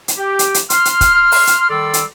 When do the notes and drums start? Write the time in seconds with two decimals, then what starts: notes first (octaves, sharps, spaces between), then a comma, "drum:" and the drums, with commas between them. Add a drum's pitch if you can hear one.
0.08 drum: hi-hat
0.17 G4
0.39 drum: hi-hat
0.54 drum: hi-hat
0.70 C6 F6, drum: hi-hat
0.85 drum: hi-hat
1.01 drum: kick, hi-hat
1.32 drum: open hi-hat
1.47 drum: hi-hat
1.69 D#3 G3 A4 D5 C6 E6
1.94 drum: hi-hat